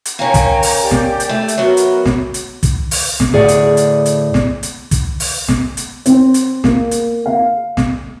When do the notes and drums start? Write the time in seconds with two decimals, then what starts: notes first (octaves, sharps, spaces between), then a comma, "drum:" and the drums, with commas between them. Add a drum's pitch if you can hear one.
0.05 drum: hi-hat
0.19 A#3 C#4 C#5 G5 A#5
0.34 drum: kick, hi-hat
0.63 drum: open hi-hat
0.81 G4 D5 G5
0.91 drum: snare
1.20 drum: hi-hat
1.29 A3
1.48 drum: hi-hat
1.58 F#3 B3 A#4
1.77 drum: hi-hat
2.05 drum: snare
2.34 drum: hi-hat
2.63 drum: kick, hi-hat
2.91 drum: open hi-hat
3.20 drum: snare
3.32 D2 A2 G#4 D5 F#5
3.48 drum: hi-hat
3.77 drum: hi-hat
4.06 drum: hi-hat
4.34 drum: snare
4.63 drum: hi-hat
4.91 drum: kick, hi-hat
5.20 drum: open hi-hat
5.48 drum: snare
5.77 drum: hi-hat
6.06 C4, drum: hi-hat
6.34 drum: hi-hat
6.64 A#3, drum: snare
6.91 drum: hi-hat
7.26 F5
7.77 drum: snare